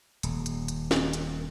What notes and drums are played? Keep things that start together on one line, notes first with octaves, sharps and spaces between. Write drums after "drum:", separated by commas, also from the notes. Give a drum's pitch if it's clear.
D#1, drum: hi-hat
drum: hi-hat
drum: hi-hat
drum: snare
drum: hi-hat